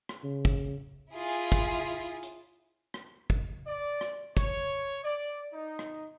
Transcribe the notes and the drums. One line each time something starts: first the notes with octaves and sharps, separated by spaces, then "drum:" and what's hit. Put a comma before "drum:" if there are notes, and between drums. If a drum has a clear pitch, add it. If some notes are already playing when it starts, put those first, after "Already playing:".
drum: rim click
C#3
drum: kick
E4 F4 G#4
drum: kick, hi-hat
drum: hi-hat
drum: rim click
drum: kick
D5
drum: rim click
C#5, drum: kick, hi-hat
D5
D#4
drum: rim click